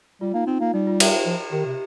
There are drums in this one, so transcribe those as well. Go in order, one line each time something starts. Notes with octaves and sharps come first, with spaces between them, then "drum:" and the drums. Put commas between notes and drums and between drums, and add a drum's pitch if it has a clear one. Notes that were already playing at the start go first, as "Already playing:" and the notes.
G3 F4
A#3 D#4
C4 D#4
A#3 F4
G3 D#4
F4
G4, drum: cymbal
C5
F3
D#3 G4
C3